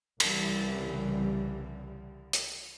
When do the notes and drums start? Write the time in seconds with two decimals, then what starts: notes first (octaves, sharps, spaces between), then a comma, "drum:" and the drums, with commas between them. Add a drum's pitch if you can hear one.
0.20 C2 C#3 E3 G3, drum: cymbal
2.33 drum: hi-hat